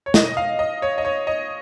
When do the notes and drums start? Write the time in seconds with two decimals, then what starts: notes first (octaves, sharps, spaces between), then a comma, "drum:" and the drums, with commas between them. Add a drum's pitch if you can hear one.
0.06 C#5
0.14 D#5, drum: snare
0.37 F5
0.59 D#5
0.82 C#5
0.98 D#5
1.05 C#5
1.27 D#5